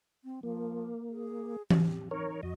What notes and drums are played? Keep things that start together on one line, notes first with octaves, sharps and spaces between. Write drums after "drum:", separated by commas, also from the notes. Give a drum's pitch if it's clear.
C4
F3 A#3
G#4
G4, drum: tom E3
D#4 A#4 C#5
F2 F#4 D#5